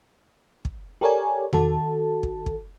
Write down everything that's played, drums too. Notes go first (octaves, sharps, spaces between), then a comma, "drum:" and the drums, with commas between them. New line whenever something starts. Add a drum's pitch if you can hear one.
drum: kick
G4 A4 A#4 C#5 D5 G#5
D#3 F#4 A4 A5, drum: tom E2
drum: kick
drum: kick